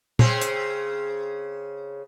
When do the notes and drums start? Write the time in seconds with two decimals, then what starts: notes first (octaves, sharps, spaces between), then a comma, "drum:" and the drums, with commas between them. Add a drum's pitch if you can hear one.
0.19 C#3 C4 G#4, drum: tom A#2
0.41 drum: hi-hat